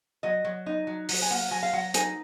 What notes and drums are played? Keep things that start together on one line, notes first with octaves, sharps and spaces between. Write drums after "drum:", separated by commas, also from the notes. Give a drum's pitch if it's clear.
F#3 D#5
F#3
D#4
F#3
F#3, drum: open hi-hat
G#5
A#3 F#5
F#3 G#5
F5
F#3 F#5
D#4 G#5, drum: hi-hat